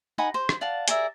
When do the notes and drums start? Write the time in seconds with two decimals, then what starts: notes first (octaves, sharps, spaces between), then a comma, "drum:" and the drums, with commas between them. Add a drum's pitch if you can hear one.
0.18 D#4 F#5 G#5 B5
0.34 C5
0.49 drum: rim click
0.61 D5 F5 F#5 A5
0.88 G#4 A#4 D5 E5, drum: hi-hat